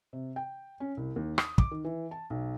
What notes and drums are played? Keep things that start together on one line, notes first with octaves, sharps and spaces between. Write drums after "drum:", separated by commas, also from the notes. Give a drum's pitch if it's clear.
C3
G5
C#4
C2
D#2
D#6, drum: rim click
D6, drum: kick
D#3
E3
A5
B1